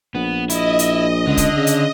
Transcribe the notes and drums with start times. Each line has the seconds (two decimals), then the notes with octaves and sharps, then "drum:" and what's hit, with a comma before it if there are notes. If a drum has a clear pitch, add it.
0.15 A#1 B3
0.50 E4 D#5, drum: hi-hat
0.79 drum: hi-hat
1.27 C#2 D3
1.37 drum: kick, hi-hat
1.57 C#3
1.67 drum: hi-hat